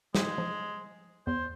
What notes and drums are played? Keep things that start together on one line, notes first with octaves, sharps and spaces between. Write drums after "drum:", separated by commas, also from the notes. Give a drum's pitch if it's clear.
G#3, drum: snare
F3
E2 C5